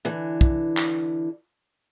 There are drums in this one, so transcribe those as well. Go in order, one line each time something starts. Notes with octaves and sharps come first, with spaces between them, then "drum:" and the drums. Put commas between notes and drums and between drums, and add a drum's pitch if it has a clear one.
D3 E3
drum: kick
drum: clap